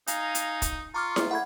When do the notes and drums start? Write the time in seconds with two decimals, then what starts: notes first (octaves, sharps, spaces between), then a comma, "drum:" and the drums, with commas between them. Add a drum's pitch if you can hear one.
0.07 D#4 F5 G#5 A#5, drum: hi-hat
0.35 drum: hi-hat
0.62 drum: kick E1, hi-hat
0.94 F4 A#5 C#6 D6 F6
1.16 drum: snare E4
1.31 A3 F#5 B5 G#6